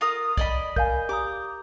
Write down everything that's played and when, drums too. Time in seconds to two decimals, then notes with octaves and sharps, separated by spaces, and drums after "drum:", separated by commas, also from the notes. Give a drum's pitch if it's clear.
0.01 F4 A#4 D#6
0.37 D5 D#5 B5, drum: kick
0.76 A#4 F5 G#5 G6, drum: kick
1.09 G4 A#5 D6 D#6